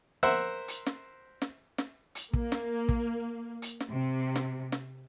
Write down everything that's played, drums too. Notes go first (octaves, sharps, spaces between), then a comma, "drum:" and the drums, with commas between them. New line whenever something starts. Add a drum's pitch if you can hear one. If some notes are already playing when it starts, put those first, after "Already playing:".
A#4 C5 E5 F#5
drum: hi-hat
drum: snare
drum: snare
drum: snare
drum: hi-hat
A#3, drum: kick
drum: snare
drum: kick
drum: hi-hat
drum: snare
C3
drum: snare
drum: snare